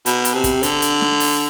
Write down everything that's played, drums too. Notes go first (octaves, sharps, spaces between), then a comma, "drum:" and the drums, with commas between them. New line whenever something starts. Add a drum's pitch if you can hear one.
B2, drum: hi-hat
drum: hi-hat
C3
drum: kick, hi-hat
D3, drum: hi-hat
drum: hi-hat
drum: snare
drum: open hi-hat